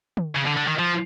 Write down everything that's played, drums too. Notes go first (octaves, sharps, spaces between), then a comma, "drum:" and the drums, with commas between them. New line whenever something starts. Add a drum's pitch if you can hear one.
drum: tom
C#3
D3
D3
D#3
F3